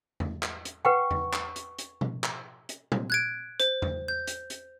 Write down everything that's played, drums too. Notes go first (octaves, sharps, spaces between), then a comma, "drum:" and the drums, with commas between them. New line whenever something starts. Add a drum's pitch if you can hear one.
drum: tom E2
drum: clap
drum: hi-hat
B4 F#5 G5 C#6
drum: tom E2
drum: clap
drum: hi-hat
drum: hi-hat
drum: tom B2
drum: clap
drum: hi-hat
drum: tom A#2
F#6 G#6 D7
C5, drum: hi-hat
drum: tom E2
G6
drum: hi-hat
drum: hi-hat